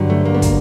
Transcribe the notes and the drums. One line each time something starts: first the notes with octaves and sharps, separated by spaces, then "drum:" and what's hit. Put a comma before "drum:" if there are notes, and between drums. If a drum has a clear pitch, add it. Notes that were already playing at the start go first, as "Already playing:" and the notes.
Already playing: G2 D3 F#3
A3
A#3
B3
A#3, drum: kick, hi-hat